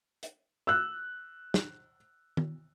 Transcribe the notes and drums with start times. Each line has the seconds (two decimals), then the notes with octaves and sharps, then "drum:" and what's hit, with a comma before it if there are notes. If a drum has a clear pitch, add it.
0.23 drum: hi-hat
0.67 E6 F#6
1.54 drum: snare
2.37 drum: tom D#3